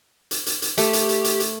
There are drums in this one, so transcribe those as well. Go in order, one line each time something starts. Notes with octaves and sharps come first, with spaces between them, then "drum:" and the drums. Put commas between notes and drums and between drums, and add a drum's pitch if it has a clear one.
drum: hi-hat
drum: hi-hat
drum: hi-hat
A3 G4, drum: hi-hat
drum: hi-hat
drum: hi-hat
drum: hi-hat
drum: hi-hat